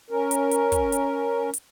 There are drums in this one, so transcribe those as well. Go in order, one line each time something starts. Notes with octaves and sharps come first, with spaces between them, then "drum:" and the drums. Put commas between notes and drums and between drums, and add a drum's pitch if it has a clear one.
C#4 A#4
drum: hi-hat
drum: hi-hat
drum: kick, hi-hat
drum: hi-hat
drum: hi-hat